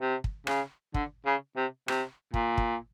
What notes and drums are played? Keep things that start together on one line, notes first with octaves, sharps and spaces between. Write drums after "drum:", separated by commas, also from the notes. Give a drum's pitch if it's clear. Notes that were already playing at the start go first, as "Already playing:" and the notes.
C3
drum: kick
C#3, drum: rim click
D3, drum: kick
C#3
C3
C3, drum: rim click
A#2, drum: kick
drum: kick